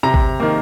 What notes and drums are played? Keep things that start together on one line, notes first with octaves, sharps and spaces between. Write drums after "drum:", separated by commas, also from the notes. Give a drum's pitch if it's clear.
C3 A#5
drum: kick
D#3 A#3